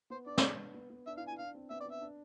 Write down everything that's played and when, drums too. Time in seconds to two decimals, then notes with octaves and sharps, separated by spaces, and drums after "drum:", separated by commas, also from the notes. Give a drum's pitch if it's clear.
0.10 B3 C5
0.26 D4 D5
0.38 drum: snare
0.74 B3
0.90 B3
1.07 D4 E5
1.17 E4 F5
1.28 G#5
1.32 E4
1.39 D4 F5
1.55 C4
1.70 B3 E5
1.80 D5
1.86 B3
1.91 E5
2.02 D4